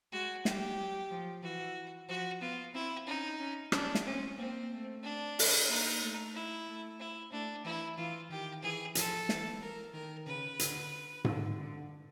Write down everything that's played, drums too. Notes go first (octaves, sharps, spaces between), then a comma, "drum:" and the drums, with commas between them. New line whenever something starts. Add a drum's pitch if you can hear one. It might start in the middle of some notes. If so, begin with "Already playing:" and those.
G#3 F#4
G3 G4, drum: snare
F#3
F3
E3 F#4
F3 F#4
B3 F4
C4 E4
C#4 D#4
C#4
C#4 D4, drum: rim click
drum: snare
C4 C#4
A#3 C4
A3
D4
drum: open hi-hat
A#3 D#4
A3
E4
A3
E4
A3 D4
E3 E4
E3 F4
D#3 G4
E3 G#4
F3 A4, drum: hi-hat
E3, drum: snare
A#4
D#3 A#4
C#3 B4
D3, drum: hi-hat
D3, drum: tom G#2
D3